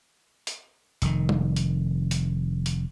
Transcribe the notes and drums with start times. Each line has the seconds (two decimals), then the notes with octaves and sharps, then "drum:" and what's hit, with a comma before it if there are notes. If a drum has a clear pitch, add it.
0.47 drum: hi-hat
1.02 F1 D#3, drum: hi-hat
1.29 drum: tom G3
1.56 drum: hi-hat
2.11 drum: hi-hat
2.66 drum: hi-hat